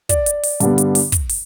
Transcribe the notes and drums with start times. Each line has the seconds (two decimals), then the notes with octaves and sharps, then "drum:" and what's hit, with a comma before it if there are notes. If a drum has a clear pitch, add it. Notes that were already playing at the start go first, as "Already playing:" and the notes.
0.09 D5, drum: kick, hi-hat
0.26 drum: hi-hat
0.43 drum: open hi-hat
0.60 G2 D3 G3 B3, drum: hi-hat
0.78 drum: hi-hat
0.95 drum: open hi-hat
1.12 drum: kick, hi-hat
1.29 drum: open hi-hat